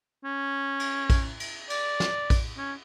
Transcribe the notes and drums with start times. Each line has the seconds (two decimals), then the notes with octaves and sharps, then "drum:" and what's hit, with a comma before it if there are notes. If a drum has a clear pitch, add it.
0.25 C#4
0.79 drum: cymbal
1.10 drum: kick A#1, cymbal
1.40 drum: cymbal
1.70 D5, drum: cymbal
2.00 drum: snare
2.30 drum: kick A#1, cymbal
2.57 C#4